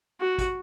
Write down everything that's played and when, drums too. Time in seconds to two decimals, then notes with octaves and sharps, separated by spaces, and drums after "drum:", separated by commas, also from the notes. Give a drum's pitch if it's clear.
0.20 F#4
0.38 drum: kick G#1, hi-hat